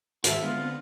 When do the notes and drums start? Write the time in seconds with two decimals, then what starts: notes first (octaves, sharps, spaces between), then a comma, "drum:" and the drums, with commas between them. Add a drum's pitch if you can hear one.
0.24 G#2 D#3 G#3 F#4 A4 E5, drum: hi-hat
0.43 D3 G#3 B3 F4
0.58 C4